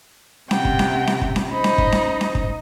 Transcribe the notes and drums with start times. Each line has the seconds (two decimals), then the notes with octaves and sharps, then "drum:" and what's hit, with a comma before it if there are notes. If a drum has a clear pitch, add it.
0.51 C3 F#5 G5, drum: snare C#4
0.65 drum: kick
0.79 drum: snare C#4
1.07 drum: snare C#4
1.22 drum: kick
1.36 drum: snare C#4
1.52 D#4 C5 B5
1.64 drum: snare C#4
1.78 drum: kick
1.92 drum: snare C#4
2.21 drum: snare C#4
2.35 drum: kick